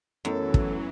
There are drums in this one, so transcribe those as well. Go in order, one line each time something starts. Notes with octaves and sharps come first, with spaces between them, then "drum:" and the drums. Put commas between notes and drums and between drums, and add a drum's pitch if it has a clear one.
F#2 E3 F#3 A3 B3 E4 A4
drum: kick